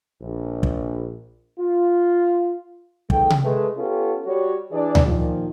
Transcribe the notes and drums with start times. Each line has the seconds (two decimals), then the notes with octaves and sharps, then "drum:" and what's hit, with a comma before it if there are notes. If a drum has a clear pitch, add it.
0.22 A#1
0.63 drum: kick
1.59 F4
3.10 B1 D#3 G#3 A4 G5, drum: kick
3.30 drum: tom C3
3.44 G#3 A3 B4
3.78 B3 C#4 F4 G4 A4
4.25 G3 F#4 C#5
4.72 E3 D4 G#4 D5
4.95 drum: tom D2
5.05 A#2 D#3 F3